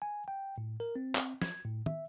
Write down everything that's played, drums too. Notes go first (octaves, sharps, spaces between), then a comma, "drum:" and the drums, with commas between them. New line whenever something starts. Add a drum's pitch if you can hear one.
G#5
G5
A2
A#4
C4
drum: clap
G#6, drum: snare
A2
E5, drum: tom